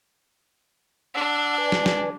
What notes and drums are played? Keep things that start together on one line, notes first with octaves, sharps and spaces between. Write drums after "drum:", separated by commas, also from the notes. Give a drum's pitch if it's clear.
D4 F#5 E6
B4 D5 G#5
drum: snare
drum: snare